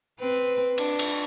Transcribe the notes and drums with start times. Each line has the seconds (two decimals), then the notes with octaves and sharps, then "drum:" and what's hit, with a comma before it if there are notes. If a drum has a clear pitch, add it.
0.20 C4 B4
0.78 D4, drum: cymbal
0.99 drum: cymbal